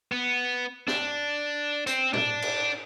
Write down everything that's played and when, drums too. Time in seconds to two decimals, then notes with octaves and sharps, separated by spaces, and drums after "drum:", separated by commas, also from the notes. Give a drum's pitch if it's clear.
0.12 B3
0.88 D4, drum: snare
1.87 C4, drum: hi-hat
2.13 D4, drum: tom A2
2.42 drum: cymbal